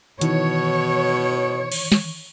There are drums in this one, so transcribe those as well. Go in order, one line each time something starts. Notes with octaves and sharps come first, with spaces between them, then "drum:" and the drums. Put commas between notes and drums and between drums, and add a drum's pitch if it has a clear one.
B2 D#3 E3 C#5, drum: hi-hat
drum: cymbal
drum: snare